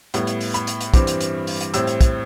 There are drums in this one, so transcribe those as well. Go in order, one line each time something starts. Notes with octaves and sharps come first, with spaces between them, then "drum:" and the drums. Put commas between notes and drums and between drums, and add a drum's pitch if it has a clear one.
A2 G3 B3, drum: hi-hat
drum: hi-hat
drum: open hi-hat
B5, drum: hi-hat
drum: hi-hat
drum: hi-hat
G2 E3 G3 C4 D6, drum: kick, hi-hat
drum: hi-hat
drum: hi-hat
drum: open hi-hat
drum: hi-hat
A2 G3 C4 E6, drum: hi-hat
drum: hi-hat
drum: kick, hi-hat